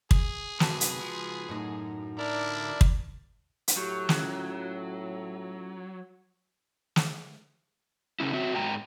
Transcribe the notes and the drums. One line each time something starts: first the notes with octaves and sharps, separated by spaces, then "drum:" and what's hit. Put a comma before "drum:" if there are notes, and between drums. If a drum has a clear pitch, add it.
G#4, drum: kick
F#2 C3 F#4 B4 A5, drum: snare
drum: hi-hat
C#2 F3
F#2 A2 D#4
D2 D4 E4 A#4 D5 A#5
drum: kick
drum: hi-hat
A2 F#3 G4 C#6 G6
C#4 F4, drum: snare
drum: snare
C#3 C#4 E4
C4 F#4 E5
G#2 G5 A#5